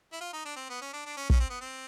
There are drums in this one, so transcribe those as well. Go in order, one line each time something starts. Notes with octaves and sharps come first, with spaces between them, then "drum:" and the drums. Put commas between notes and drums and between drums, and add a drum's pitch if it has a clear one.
E4
F4
D#4
D4
C4
B3
C#4
D4
D4
C#4
C#4, drum: kick
C4
B3
C4